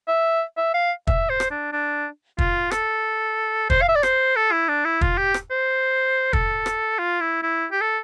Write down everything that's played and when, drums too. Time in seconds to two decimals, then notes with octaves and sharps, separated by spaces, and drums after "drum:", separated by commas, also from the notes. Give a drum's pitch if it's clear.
0.08 E5
0.57 E5
0.74 F5
1.07 E5, drum: kick
1.30 C5
1.40 drum: rim click
1.51 D4
1.72 D4
2.38 F4, drum: kick
2.71 A4, drum: rim click
3.70 C5, drum: kick
3.82 F5
3.88 E5
3.95 D5
4.03 C5, drum: rim click
4.36 A4
4.52 E4
4.69 D4
4.85 E4
5.01 F4, drum: kick
5.18 G4
5.34 drum: rim click
5.51 C5
6.33 A4, drum: kick
6.66 drum: rim click
6.99 F4
7.21 E4
7.43 E4
7.71 G4
7.81 A4